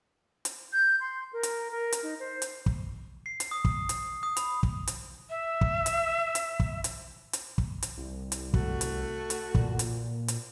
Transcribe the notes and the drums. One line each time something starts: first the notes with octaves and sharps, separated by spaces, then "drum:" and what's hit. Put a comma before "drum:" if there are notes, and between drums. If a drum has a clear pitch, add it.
drum: hi-hat
G6
C6
A#4
drum: hi-hat
A#4
drum: hi-hat
D#4
C5
drum: hi-hat
drum: kick
C7
drum: hi-hat
D#6
drum: kick
drum: hi-hat
D#6
B5, drum: hi-hat
drum: kick
drum: hi-hat
E5
drum: kick
drum: hi-hat
drum: hi-hat
drum: kick
drum: hi-hat
drum: hi-hat
drum: kick
drum: hi-hat
C2
drum: hi-hat
A3 F#4, drum: kick
drum: hi-hat
drum: hi-hat
A#2, drum: kick
drum: hi-hat
drum: hi-hat